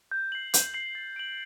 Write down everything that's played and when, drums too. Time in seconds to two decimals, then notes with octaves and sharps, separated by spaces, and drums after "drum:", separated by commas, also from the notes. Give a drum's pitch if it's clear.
0.11 G6
0.32 C7 F#7
0.54 G6, drum: hi-hat
0.74 C7 F#7
0.95 A6
1.16 D7 F#7